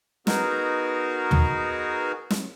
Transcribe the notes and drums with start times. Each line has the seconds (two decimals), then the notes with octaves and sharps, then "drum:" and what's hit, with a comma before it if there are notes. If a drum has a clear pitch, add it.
0.27 B3 D#4 F#4 G#4 A#4, drum: snare
1.31 drum: tom
2.30 drum: snare